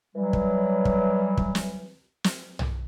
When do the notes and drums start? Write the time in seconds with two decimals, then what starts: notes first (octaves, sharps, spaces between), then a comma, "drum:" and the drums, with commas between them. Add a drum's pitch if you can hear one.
0.16 E3 F#3 G3
0.33 drum: kick
0.85 drum: kick
1.37 drum: kick
1.55 drum: snare
2.24 drum: snare
2.59 drum: tom B1